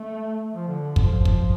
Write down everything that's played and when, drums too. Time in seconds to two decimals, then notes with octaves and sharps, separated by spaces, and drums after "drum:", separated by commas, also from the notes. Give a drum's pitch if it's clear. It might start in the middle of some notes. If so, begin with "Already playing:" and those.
Already playing: A3
0.54 F3
0.68 D3
0.96 F3, drum: kick
1.25 drum: kick